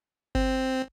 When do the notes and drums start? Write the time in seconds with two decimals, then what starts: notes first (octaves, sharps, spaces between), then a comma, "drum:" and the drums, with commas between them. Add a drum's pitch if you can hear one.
0.35 C4, drum: kick G1